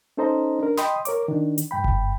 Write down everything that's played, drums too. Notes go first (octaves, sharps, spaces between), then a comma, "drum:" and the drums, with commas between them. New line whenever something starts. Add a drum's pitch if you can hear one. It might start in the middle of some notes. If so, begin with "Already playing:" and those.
C#4 D#4 A4 C5 D#5 A#5
D4 A#4
D#5 G5 B5 C6 D#6, drum: snare
A#4 C#5 D6, drum: hi-hat
D#3 D4
drum: hi-hat
G2 G5 B5
drum: kick F#1